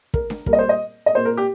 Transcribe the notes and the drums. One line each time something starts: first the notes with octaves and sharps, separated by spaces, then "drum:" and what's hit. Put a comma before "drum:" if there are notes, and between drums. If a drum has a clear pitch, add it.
A#4, drum: kick
drum: snare D4
A#2 G3 A#3 A#4, drum: kick
D#5
C5
D#5
D#5
A#2 A#3 C5
A#4
G4